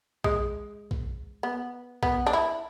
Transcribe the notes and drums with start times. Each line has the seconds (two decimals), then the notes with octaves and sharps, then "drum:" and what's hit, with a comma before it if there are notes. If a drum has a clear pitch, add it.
0.24 G#3, drum: kick
0.91 drum: kick
1.43 B3
2.03 B3, drum: kick
2.27 D4
2.33 E4